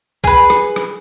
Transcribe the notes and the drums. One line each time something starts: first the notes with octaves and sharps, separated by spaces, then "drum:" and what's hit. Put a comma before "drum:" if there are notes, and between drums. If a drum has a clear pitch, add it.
G#4 B4, drum: kick, hi-hat
drum: rim click
drum: rim click